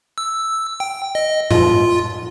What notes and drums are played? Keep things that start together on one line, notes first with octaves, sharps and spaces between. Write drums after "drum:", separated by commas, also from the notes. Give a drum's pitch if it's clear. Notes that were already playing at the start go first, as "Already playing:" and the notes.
E6
G5
D#5
F4, drum: tom G#2